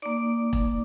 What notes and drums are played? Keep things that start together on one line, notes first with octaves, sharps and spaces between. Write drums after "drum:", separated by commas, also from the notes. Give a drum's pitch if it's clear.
A#3 D#4 D5 D6
drum: kick E1